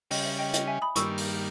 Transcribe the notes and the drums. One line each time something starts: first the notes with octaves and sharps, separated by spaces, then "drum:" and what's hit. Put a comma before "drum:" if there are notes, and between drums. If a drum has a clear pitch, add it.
C#3 G3 C#4 D#5 G5, drum: open hi-hat
E5
D#5 G5
D#5 G5, drum: hi-hat
E5 G#5
B5 D#6
G2 D#3 G3 A#3 C#6 E6, drum: hi-hat
drum: open hi-hat